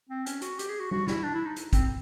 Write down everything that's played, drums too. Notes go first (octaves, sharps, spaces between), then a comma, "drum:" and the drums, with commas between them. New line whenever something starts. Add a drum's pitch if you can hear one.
C4
C#4, drum: hi-hat
F#4, drum: hi-hat
G4, drum: hi-hat
G#4
F#4
F#4, drum: tom G3
E4, drum: snare
D4
E4
D#4
drum: hi-hat
C4, drum: kick, hi-hat